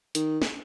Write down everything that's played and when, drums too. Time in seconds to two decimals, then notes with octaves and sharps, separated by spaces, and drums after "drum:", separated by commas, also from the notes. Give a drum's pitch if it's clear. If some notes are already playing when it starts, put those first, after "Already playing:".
0.15 D#3, drum: hi-hat
0.42 drum: snare